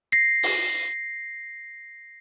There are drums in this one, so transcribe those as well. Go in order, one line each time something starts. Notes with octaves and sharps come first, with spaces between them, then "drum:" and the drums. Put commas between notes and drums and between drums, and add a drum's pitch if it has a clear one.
A#6 C7
drum: open hi-hat